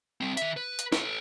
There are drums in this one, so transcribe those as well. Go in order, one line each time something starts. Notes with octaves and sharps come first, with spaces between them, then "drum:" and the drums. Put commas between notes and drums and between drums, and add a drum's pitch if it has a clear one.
G3 C4
D#3 E5, drum: hi-hat
B4
drum: hi-hat
A4 B4, drum: snare